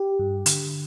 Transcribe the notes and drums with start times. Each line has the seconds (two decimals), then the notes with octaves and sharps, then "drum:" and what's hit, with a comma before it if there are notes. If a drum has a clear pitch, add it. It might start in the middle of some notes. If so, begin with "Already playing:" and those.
Already playing: G4
0.19 G2
0.46 D3, drum: hi-hat